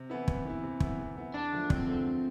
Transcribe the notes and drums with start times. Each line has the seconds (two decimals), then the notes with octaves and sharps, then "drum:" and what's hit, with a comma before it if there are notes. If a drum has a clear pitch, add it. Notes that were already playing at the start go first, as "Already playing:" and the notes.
Already playing: C3
0.10 E3 B3 E4
0.28 C3, drum: kick
0.45 E3 B3 E4
0.63 C3
0.80 E3 B3 E4, drum: kick
0.99 C3
1.16 E3 B3 E4
1.34 E2 D4
1.52 D3 F3 A3
1.70 E2 C4, drum: kick
1.87 D3 F3 A3